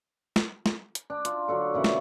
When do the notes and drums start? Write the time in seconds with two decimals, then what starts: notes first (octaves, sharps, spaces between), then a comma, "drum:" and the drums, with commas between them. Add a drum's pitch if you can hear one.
0.36 drum: snare
0.66 drum: snare
0.95 drum: hi-hat
1.10 D4
1.25 F4, drum: hi-hat
1.48 D3 F#3 D4 A4
1.74 A#2 C#3 E3 F#5
1.84 drum: snare